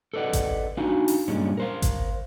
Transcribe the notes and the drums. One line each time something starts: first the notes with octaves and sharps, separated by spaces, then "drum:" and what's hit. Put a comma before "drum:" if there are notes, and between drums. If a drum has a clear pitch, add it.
A4 B4 D5 D#5 F#5
drum: kick G#1, hi-hat
D4 D#4 F#4 F5 G#5
drum: open hi-hat
G2 A#2 G3 G#3 C#4
A#4 C5 F5
drum: kick G#1, hi-hat